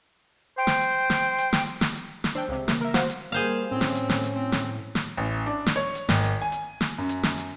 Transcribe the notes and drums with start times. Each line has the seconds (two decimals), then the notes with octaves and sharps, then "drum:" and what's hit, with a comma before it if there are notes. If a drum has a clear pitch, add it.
0.58 C5 G5
0.67 drum: snare
0.81 drum: hi-hat
1.10 drum: snare
1.38 drum: hi-hat
1.53 drum: snare
1.67 drum: hi-hat
1.81 drum: snare
1.95 drum: hi-hat
2.24 drum: snare
2.35 D4 C5 G5 E6
2.49 C#2 C3
2.68 C#3 E3 A#3, drum: snare
2.81 A#4 E5
2.94 F#4 C5 F5, drum: snare
3.10 drum: hi-hat
3.32 G3 A#3 G#4 C5 F5
3.72 A2 C4 C#4
3.81 drum: snare
3.95 drum: hi-hat
4.09 drum: snare
4.24 drum: hi-hat
4.35 C4
4.52 drum: snare
4.95 drum: snare
5.17 A1
5.46 D4
5.66 drum: snare
5.76 C#5
5.95 drum: hi-hat
6.09 G#1, drum: snare
6.23 drum: hi-hat
6.42 G#5
6.52 drum: hi-hat
6.81 drum: snare
6.98 F#2
7.09 drum: hi-hat
7.23 drum: snare
7.38 drum: hi-hat